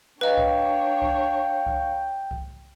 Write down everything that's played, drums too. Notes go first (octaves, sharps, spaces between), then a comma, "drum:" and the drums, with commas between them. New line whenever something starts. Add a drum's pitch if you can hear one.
D4 B4 C#5 D#5 F5 G5 A#5
drum: kick C2
drum: kick C2
drum: kick C2
drum: kick C2